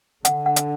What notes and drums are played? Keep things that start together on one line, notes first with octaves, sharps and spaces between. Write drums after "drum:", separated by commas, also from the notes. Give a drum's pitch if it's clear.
D3 F#5, drum: hi-hat
F#5
drum: hi-hat